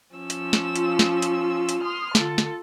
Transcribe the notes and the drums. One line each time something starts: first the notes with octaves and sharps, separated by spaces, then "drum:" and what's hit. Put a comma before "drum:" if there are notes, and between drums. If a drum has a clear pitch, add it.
F3 C#4 E6
drum: hi-hat
drum: snare
F4, drum: hi-hat
drum: snare
drum: hi-hat
drum: hi-hat
C6 D#6 F6
D3 F4 A4, drum: snare
drum: snare